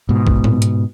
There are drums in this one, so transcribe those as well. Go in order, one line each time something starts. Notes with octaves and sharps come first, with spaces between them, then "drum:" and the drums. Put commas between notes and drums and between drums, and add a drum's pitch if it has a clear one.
G#2 B2
drum: kick A1
drum: tom A2
drum: hi-hat